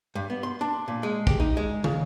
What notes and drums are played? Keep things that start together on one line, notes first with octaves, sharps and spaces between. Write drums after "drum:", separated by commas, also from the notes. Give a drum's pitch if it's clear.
G2
B3
C6
D4
A#2
G#3
G4, drum: kick
D#4
G#3
C#3, drum: tom